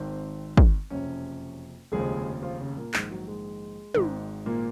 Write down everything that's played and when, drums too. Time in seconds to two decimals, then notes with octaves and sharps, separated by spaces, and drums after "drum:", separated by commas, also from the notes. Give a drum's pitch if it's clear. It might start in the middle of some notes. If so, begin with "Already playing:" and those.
Already playing: G#1 G#2 D#3 C4 C5
0.57 drum: kick
0.90 F#1 F2 C3 C#4 C#5
1.92 F1 D#2 C#3 F3 G#3 G#4
2.42 F3 F4
2.60 C#3 C#4
2.77 A#2 A#3
2.94 A#1 G#2 D#3 G#3, drum: clap
3.11 F#3
3.28 G#3
3.95 G#1 G#2 D#3, drum: tom
4.46 A#2 A#3